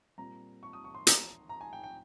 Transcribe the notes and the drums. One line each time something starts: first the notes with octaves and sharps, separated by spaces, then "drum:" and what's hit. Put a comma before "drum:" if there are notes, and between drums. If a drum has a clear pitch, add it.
A#2 G3 C4 A#5
C#6
D#6
C#6
C6
A#5, drum: hi-hat
A#5
G#5
G5
G5